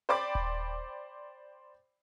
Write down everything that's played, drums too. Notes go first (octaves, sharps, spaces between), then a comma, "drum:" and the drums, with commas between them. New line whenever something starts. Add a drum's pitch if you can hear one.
C5 D5 G5 B5 D6 A6
drum: kick D#1